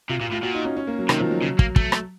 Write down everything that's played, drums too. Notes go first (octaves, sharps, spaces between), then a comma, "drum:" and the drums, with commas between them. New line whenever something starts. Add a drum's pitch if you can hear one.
C3 F4
A#2 F4
A2 F4
A#2 F#4
D#4
C#4
C#4
A#3
F#3
C3 D#3, drum: rim click
F3
F#3
C#3
A#3, drum: kick
A3, drum: kick
drum: rim click